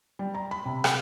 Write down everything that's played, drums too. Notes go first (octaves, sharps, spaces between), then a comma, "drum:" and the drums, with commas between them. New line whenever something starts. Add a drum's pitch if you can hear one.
G3
A#5
B5
C3
drum: rim click